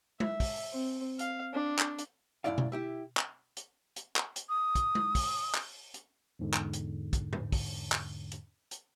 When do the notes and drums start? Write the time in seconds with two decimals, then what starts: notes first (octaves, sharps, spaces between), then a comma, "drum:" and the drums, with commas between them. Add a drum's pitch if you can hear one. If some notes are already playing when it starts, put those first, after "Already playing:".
0.20 E5, drum: tom G#3
0.40 drum: kick, open hi-hat
0.73 C4
1.19 F5, drum: hi-hat
1.54 D4
1.79 drum: clap
1.98 drum: hi-hat
2.44 F#2 A2 F3 E4 D5 F5
2.58 drum: tom B2
2.72 E4 G4 E5
3.17 drum: clap
3.57 drum: hi-hat
3.96 drum: hi-hat
4.16 drum: clap
4.36 drum: hi-hat
4.49 D#6
4.75 drum: kick, hi-hat
4.95 drum: tom G#3
5.15 drum: kick, open hi-hat
5.55 drum: clap
5.94 drum: hi-hat
6.39 E2 G#2 D3
6.54 drum: clap
6.73 drum: hi-hat
7.13 drum: kick, hi-hat
7.33 drum: tom A2
7.52 drum: kick, open hi-hat
7.92 drum: clap
8.32 drum: hi-hat
8.71 drum: hi-hat